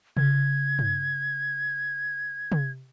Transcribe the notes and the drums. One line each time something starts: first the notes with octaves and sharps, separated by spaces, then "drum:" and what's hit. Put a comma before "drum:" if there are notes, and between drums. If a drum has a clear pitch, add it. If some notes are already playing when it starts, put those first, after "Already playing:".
C#3 G#6, drum: tom C3
drum: tom G2
drum: tom